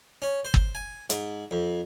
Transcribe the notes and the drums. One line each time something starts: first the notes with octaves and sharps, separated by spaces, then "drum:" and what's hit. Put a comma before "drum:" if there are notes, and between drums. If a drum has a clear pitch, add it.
C#4
C5
drum: kick
G#5
G#2, drum: hi-hat
F2